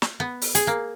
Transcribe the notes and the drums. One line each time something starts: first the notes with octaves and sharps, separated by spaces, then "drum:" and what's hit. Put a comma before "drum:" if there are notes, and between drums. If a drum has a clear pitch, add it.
drum: snare
B3
drum: open hi-hat
G#4, drum: hi-hat
A#3